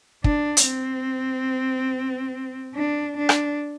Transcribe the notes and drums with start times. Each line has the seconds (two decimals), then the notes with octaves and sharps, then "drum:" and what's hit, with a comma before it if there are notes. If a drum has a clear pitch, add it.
0.24 D4, drum: kick
0.57 drum: hi-hat
0.66 C4
2.75 D4
3.17 D4
3.29 drum: rim click